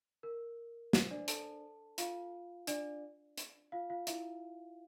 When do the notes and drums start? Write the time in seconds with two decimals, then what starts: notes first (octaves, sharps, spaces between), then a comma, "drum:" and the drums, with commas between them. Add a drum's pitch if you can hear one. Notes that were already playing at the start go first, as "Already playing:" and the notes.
0.23 A#4
0.93 C5, drum: snare
1.11 D4 D5
1.28 A4 A5, drum: hi-hat
1.98 F4 F5, drum: hi-hat
2.67 D4 D5, drum: hi-hat
3.38 drum: hi-hat
3.72 F4 F5
3.90 F4 F5
4.07 E4 E5, drum: hi-hat